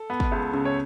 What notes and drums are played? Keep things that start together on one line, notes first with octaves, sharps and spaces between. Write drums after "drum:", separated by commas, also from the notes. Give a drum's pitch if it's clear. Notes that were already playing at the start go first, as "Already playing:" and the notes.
Already playing: A4
B3
drum: kick
C#2
C#3
C#5